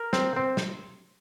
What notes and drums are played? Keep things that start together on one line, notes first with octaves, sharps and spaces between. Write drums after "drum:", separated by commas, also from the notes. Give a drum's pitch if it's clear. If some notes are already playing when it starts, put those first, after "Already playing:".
Already playing: A#4
C4, drum: snare
C4
drum: snare